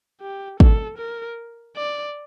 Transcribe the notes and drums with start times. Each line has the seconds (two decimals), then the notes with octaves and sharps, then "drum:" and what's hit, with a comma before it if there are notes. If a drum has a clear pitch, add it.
0.21 G4
0.60 A4, drum: kick
0.98 A#4
1.76 D5